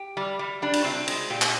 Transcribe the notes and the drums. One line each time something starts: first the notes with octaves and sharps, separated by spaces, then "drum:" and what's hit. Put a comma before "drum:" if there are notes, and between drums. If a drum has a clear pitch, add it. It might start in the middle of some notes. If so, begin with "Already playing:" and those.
Already playing: G4
G3
G3
G3 D4
drum: cymbal
C3 C4
G#3, drum: cymbal
A#2 G4
drum: clap